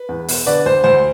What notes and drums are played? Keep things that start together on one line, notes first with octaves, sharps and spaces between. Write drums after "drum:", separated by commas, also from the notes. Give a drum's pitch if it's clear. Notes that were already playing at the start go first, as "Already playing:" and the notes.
Already playing: B4
E2
B2, drum: open hi-hat
D3 B4 D5
D2 C5
D2 C5